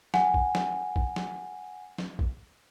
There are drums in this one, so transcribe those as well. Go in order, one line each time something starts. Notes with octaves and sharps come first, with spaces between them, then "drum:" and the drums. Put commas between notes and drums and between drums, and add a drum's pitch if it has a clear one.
F#5 G#5, drum: snare
drum: kick
drum: snare
drum: kick
drum: snare
drum: snare
drum: kick